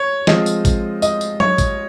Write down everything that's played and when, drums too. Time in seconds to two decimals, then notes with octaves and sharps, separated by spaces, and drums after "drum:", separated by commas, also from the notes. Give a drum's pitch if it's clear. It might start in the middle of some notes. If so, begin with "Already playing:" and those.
Already playing: C#5
0.27 F3 G#3 C4 D#5, drum: snare
0.46 drum: tambourine
0.65 drum: kick A1, tambourine
1.02 D#5, drum: tambourine
1.21 drum: tambourine
1.40 C#5, drum: tom F#3
1.58 drum: kick A1, tambourine